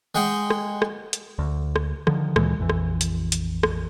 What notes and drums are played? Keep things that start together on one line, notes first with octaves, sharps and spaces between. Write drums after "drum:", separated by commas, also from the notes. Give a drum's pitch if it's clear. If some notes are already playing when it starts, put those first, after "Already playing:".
G#3 F#5 G5
drum: rim click
drum: rim click
drum: hi-hat
D2
drum: rim click
D3 D#3 F3, drum: rim click
D2 A#2 E3 G#3, drum: rim click
A#1 F2 E3
drum: rim click
drum: hi-hat
drum: hi-hat
drum: rim click